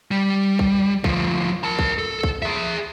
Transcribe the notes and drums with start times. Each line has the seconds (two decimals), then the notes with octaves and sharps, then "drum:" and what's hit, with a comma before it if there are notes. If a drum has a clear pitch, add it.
0.11 G3
0.59 drum: kick
1.04 D2 F3, drum: kick
1.64 A#4 A5
1.79 drum: kick
1.99 A4
2.23 drum: kick
2.42 G#4 E5